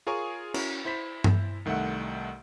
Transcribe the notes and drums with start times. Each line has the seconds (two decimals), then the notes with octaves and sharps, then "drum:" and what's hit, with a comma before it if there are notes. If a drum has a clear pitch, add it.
0.07 F4 G#4 A#4 C#5 G#5 C#6
0.54 C#4 E4 F#4 A#4, drum: cymbal
0.85 E4 C5 B5 B6
1.24 drum: tom G2
1.65 C2 D#3 A3 E5 F#5